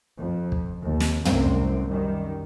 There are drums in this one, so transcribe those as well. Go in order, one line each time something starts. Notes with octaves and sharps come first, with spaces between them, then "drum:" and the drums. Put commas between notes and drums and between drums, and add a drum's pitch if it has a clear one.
F2
drum: kick
D#2
drum: snare
C2 F#2 A2 C4, drum: tom
F#2 D#3 G3